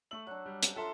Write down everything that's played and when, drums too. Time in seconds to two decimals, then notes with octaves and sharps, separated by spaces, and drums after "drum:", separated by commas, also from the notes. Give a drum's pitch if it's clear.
0.11 A3 E5 C#6 F#7
0.27 F#3 D4 F#6
0.46 G3
0.63 drum: hi-hat
0.76 F4 A4 E5 A#5 C6